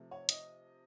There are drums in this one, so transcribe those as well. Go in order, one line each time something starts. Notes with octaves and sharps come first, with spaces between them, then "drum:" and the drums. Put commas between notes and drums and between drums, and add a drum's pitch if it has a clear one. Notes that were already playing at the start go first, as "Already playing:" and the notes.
Already playing: C3 F3 A3
C#5
D#5, drum: hi-hat